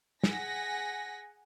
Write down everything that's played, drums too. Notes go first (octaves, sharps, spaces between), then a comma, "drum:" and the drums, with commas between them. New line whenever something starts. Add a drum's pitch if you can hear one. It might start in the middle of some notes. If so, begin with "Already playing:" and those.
G#4 F#5 G#5 A#6 B6, drum: snare